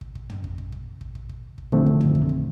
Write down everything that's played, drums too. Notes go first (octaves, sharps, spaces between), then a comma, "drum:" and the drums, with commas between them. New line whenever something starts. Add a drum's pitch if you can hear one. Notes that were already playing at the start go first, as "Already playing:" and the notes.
drum: kick
drum: kick
drum: tom
drum: kick
drum: kick
drum: kick
drum: kick
drum: kick
drum: kick
drum: kick
A#2 D3 D#3 F3 A3 C4, drum: kick
drum: kick
drum: tom
drum: kick
drum: kick